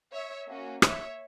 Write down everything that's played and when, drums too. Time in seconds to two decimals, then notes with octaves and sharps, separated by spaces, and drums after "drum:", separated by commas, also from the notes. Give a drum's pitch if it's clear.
0.12 C#5 E5
0.47 A#3 C#4 F#4
0.82 C#5 E5, drum: rim click